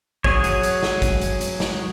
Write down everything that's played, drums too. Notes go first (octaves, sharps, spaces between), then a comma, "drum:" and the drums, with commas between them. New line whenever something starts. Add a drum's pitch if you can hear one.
F#3 G#4 C#5, drum: kick G#1
drum: hi-hat
drum: hi-hat
drum: snare
drum: kick G#1, hi-hat
drum: hi-hat
drum: hi-hat
drum: snare